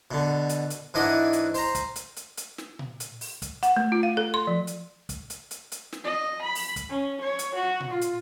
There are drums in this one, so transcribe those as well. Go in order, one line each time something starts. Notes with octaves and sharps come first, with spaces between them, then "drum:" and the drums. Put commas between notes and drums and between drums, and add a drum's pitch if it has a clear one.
B2 D3
drum: hi-hat
drum: hi-hat
G#2 E3 D4 D#5 F#5
drum: hi-hat
C5 A#5, drum: open hi-hat
drum: kick, hi-hat
drum: hi-hat
drum: hi-hat
drum: hi-hat
drum: snare
drum: tom A#2
drum: hi-hat
drum: open hi-hat
drum: kick, hi-hat
F#5, drum: hi-hat
A3
F4
F5
A4
C6
F3
drum: hi-hat
drum: kick, hi-hat
drum: hi-hat
drum: hi-hat
drum: hi-hat
drum: snare
D#5
B5
drum: open hi-hat
drum: kick, hi-hat
C#4
C#5
drum: hi-hat
F#4
drum: tom A#2
F4
drum: hi-hat